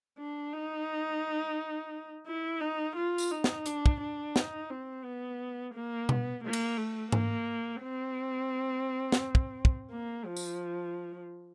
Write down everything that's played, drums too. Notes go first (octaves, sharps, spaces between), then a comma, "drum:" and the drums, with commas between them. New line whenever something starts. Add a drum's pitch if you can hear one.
D4
D#4
E4
D#4
F4
drum: tambourine
D#4
drum: snare
D4, drum: hi-hat
drum: kick
D4
D#4, drum: snare
C4
B3
A#3
B3, drum: tom B2
A#3
drum: cymbal
A3
A#3, drum: tom G#2
C4
drum: snare
drum: kick
drum: kick
A#3
F3
drum: tambourine